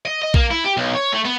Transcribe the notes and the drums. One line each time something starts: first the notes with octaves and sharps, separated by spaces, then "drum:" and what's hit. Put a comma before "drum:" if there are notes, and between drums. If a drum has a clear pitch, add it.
D#5
D#5
A#3, drum: kick A#1
E4
G4
B1
C#5
A3
B3